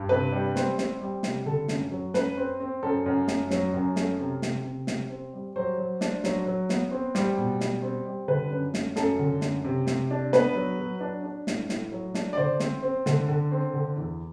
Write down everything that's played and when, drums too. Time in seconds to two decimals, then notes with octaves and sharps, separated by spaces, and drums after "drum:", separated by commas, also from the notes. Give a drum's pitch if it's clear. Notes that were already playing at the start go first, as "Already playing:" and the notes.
Already playing: G2
0.09 C3 B4
0.33 G3
0.56 C4, drum: snare
0.78 C4, drum: snare
1.01 G3
1.23 C3, drum: snare
1.46 D3 A4
1.68 F#2, drum: snare
1.91 F#3
2.14 F#2 B4, drum: snare
2.37 C4
2.60 C4
2.83 F#2 A4
3.06 F#2
3.28 F#2, drum: snare
3.51 F#3, drum: snare
3.74 F#2
3.96 A3, drum: snare
4.19 C3
4.42 C3, drum: snare
4.65 C3
4.87 C3, drum: snare
5.10 C4
5.33 G3
5.56 F#3 C5
5.78 F#3
6.01 D4, drum: snare
6.24 F#3, drum: snare
6.46 F#3
6.69 B3, drum: snare
6.91 C4
7.15 G3, drum: snare
7.38 B2
7.61 G3, drum: snare
7.82 C4
8.06 G3
8.28 D3 B4
8.50 F#2
8.74 A3, drum: snare
8.96 F#2 A4, drum: snare
9.19 D3
9.41 F#2, drum: snare
9.65 C3
9.87 C3, drum: snare
10.11 D4
10.33 B3 B4, drum: snare
10.55 F#3
10.79 F#3
11.01 D4
11.23 D4
11.47 A2, drum: snare
11.69 A2, drum: snare
11.92 F#3
12.15 D4, drum: snare
12.33 D5
12.37 D3 C5
12.60 C4, drum: snare
12.82 C4
13.06 D3, drum: snare
13.28 D3
13.51 C4
13.74 D3
13.97 E2